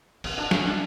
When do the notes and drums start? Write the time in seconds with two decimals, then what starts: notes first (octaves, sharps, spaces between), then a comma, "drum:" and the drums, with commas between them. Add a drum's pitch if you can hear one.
0.24 C#4, drum: cymbal
0.38 D4
0.51 C#4, drum: snare
0.65 D4